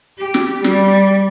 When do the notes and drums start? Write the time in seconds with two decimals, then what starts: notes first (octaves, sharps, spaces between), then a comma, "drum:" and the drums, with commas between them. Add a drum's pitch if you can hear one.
0.18 G4
0.34 drum: snare
0.64 G3, drum: snare